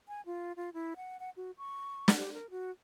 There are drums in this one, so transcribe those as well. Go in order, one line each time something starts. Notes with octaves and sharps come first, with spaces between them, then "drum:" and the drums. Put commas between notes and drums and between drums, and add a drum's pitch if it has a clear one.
G#5
F4
F4
E4
F#5
F#5
F#4
C#6
drum: snare
G4
A#4
F#4